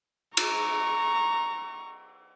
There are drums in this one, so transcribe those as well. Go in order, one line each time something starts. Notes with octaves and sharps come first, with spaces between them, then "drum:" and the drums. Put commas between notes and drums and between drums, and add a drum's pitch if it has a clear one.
A#5 C#6, drum: cymbal